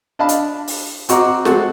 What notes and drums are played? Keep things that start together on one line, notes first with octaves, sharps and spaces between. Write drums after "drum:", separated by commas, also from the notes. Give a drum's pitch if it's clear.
D4 D#5 F5 A5 B5
drum: hi-hat
drum: open hi-hat
C4 F#4 D#5 A#5 D6, drum: hi-hat
G#3 C4 F#4 A4, drum: snare